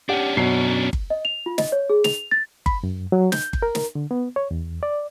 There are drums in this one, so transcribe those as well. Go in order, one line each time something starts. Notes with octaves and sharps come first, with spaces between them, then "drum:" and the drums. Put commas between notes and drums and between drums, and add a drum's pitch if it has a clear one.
C#4 D4 G4 F#5
F#2 B2 C7
drum: kick G1
D#5
F7
F4
D#5, drum: snare
C#5
G#4
F7, drum: snare
A6
B5, drum: kick G1
F#2
F#3
G6, drum: snare
drum: kick G1
A#4
drum: snare
D3
B3
C#5
E2
D5